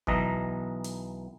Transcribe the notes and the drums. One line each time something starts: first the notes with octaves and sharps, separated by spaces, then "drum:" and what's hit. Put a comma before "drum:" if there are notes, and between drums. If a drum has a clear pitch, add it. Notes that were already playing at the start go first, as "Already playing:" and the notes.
B1 E3 D#5 A#5, drum: kick F#1
drum: hi-hat